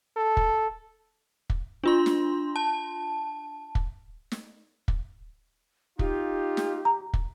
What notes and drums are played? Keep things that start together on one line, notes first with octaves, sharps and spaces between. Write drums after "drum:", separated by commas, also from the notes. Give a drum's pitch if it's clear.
A4
drum: kick
drum: kick
D4 F4 C6
drum: snare
A5
drum: kick
drum: snare
drum: kick
D#4 F4 G4, drum: kick
drum: snare
A#5
drum: kick